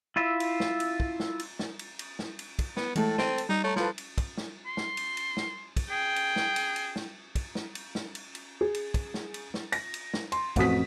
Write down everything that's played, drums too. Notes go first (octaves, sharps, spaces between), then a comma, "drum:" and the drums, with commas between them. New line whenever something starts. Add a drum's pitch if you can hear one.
E4 F4 E5
drum: cymbal
drum: snare
drum: cymbal
drum: kick
drum: snare
drum: cymbal
drum: snare
drum: cymbal
drum: cymbal
drum: snare
drum: cymbal
drum: kick, cymbal
B3, drum: snare
A2 E3 G#3 A3 A4, drum: cymbal
C4 D7 D#7, drum: snare
drum: cymbal
G3 D#4
A3 C#5 A#5
F3 F4 A4 B4 G6, drum: snare
drum: cymbal
drum: kick, cymbal
drum: snare
C6
drum: snare
drum: cymbal
drum: cymbal
drum: snare
drum: kick, cymbal
G#4 G5
drum: cymbal
drum: snare
drum: cymbal
drum: cymbal
drum: snare
drum: kick, cymbal
drum: snare
drum: cymbal
drum: snare
drum: cymbal
drum: cymbal
G#4
drum: cymbal
drum: kick, cymbal
drum: snare
drum: cymbal
drum: snare
A#6, drum: cymbal
drum: cymbal
drum: snare
C6, drum: cymbal
A1 F2 F#4 D#6 B6, drum: kick, cymbal